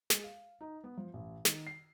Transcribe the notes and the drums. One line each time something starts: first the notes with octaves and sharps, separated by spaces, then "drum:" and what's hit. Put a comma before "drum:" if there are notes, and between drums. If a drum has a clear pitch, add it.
G#3, drum: snare
F5
D#4
B3
F3
A1
D#3, drum: snare
C7